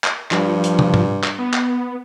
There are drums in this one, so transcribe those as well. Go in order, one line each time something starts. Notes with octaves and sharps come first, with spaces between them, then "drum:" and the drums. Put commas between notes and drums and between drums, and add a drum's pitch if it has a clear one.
drum: clap
G2 F3, drum: clap
drum: hi-hat
drum: tom
drum: tom G#2
drum: clap
B3
drum: clap